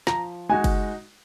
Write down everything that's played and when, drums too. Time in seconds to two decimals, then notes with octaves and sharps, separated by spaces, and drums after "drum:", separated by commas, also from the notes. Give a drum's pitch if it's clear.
0.07 F3 A#5, drum: snare
0.49 G#3 D#4 F#4 G#5
0.64 drum: kick F#1, cymbal